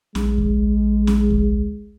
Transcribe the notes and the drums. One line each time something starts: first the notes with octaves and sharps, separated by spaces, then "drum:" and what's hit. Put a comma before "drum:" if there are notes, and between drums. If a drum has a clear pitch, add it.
A#1 G#3, drum: snare C#4
drum: kick D2
drum: snare C#4
drum: kick D2